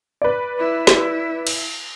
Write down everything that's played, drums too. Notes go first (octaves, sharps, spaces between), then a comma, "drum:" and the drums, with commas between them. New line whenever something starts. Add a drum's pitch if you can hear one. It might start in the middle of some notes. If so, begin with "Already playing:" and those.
B4 D5
E4 E5
drum: snare
drum: cymbal